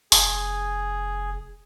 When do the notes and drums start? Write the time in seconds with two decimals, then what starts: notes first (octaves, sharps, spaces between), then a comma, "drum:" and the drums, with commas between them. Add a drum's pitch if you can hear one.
0.12 F1 G#4, drum: open hi-hat